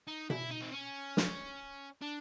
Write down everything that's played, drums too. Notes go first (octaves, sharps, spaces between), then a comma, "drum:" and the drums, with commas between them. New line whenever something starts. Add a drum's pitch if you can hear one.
D#4
E4, drum: tom B2
D#4
C4
C#4
drum: snare
D4